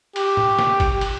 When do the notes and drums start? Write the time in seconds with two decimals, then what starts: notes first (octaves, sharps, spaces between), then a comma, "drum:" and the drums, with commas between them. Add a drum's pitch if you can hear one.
0.16 G4, drum: cymbal
0.37 drum: tom
0.59 drum: snare
0.80 drum: kick G1, cymbal
1.01 drum: cymbal